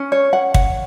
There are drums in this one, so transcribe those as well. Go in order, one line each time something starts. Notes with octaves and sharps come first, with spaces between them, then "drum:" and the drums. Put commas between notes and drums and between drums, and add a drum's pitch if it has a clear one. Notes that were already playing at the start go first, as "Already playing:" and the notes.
Already playing: C#4
C#5
F#5
F#5, drum: kick